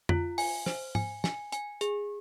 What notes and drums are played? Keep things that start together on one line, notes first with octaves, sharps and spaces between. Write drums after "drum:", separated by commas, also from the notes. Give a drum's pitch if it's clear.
F4, drum: tom F2
G#5, drum: open hi-hat
C5, drum: snare
G#5, drum: tom G#2
G#5, drum: snare
G#5, drum: hi-hat
G#4, drum: hi-hat